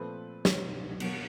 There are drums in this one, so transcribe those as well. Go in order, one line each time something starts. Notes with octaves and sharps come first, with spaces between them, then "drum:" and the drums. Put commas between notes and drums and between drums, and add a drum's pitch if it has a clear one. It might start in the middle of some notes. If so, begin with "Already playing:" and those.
Already playing: A#2 F3 A3 C4 B4
D#3 G3 C4 D#4 C#5, drum: snare
B2 F#3 A#3, drum: cymbal